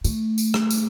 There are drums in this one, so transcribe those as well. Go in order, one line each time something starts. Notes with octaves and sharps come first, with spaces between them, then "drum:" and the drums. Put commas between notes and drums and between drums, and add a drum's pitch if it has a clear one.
A3, drum: tambourine
drum: tambourine
drum: rim click
drum: tambourine